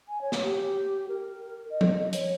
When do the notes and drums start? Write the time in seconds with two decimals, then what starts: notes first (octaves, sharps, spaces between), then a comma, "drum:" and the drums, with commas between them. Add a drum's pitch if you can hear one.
0.08 G#5
0.21 C#5
0.32 drum: snare
0.44 G4
1.09 A#4
1.70 D#5
1.81 drum: tom F3
2.13 C#5, drum: hi-hat